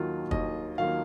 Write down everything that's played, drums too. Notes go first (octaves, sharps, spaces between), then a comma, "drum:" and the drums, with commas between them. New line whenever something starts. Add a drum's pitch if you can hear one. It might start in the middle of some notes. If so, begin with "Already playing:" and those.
Already playing: D#2 D#3 F#3 A#3 F4
D#2 D#5, drum: kick
D#3 F#3 A#3 F4 F5